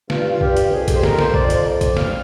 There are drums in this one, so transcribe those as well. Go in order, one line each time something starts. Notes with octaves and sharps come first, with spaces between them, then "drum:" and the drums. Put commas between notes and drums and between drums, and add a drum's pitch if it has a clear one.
G2 F4, drum: snare
F4
G2 G4, drum: kick B1
drum: hi-hat
F2 G#4
G4, drum: kick B1, hi-hat
C5
A#4, drum: snare
C5, drum: snare
F2 D5, drum: kick B1
drum: hi-hat
drum: kick B1, hi-hat
F5, drum: snare